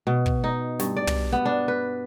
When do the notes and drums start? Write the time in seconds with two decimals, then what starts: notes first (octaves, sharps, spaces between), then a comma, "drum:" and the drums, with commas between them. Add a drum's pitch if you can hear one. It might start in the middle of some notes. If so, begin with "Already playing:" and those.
0.07 B2
0.26 drum: kick
0.44 D#4
0.79 G2, drum: snare
0.97 D5
1.07 drum: tom
1.32 B3
1.45 D4
1.68 B4